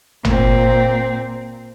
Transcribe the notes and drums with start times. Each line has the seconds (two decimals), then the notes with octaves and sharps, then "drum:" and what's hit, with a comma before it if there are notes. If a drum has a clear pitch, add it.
0.25 A#2 C4, drum: tom